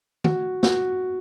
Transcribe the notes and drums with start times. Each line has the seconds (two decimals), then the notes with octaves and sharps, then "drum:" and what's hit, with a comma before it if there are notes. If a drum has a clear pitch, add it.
0.24 F#4, drum: tom D#3
0.63 F#4, drum: snare